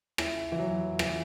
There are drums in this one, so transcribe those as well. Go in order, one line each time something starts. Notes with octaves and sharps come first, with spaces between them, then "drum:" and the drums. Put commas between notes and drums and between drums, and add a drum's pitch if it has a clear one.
E4, drum: rim click
E3
F#3
E3, drum: rim click